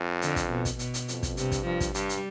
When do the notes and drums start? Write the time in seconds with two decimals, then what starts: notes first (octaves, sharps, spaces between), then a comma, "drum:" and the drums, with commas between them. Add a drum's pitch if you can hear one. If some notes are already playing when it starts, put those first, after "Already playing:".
Already playing: F2
0.22 D3, drum: hi-hat
0.36 drum: kick, hi-hat
0.50 B2
0.65 drum: kick, hi-hat
0.79 B2, drum: hi-hat
0.94 drum: hi-hat
1.08 F2, drum: hi-hat
1.23 drum: kick, hi-hat
1.37 G2 C3, drum: hi-hat
1.52 drum: kick, hi-hat
1.66 G2 F3
1.80 drum: kick, hi-hat
1.94 G2 G3, drum: hi-hat
2.09 drum: hi-hat